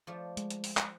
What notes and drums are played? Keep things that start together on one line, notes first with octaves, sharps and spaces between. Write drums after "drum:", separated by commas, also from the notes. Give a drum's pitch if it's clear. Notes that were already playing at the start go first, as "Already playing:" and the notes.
F3 A3 D5
G#3, drum: hi-hat
drum: hi-hat
drum: open hi-hat
drum: clap